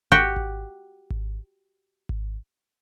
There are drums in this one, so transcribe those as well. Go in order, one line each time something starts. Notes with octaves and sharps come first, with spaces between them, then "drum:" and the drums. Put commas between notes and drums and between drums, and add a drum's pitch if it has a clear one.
F#4 G4 G5, drum: kick G#1
drum: kick G#1
drum: kick G#1
drum: kick G#1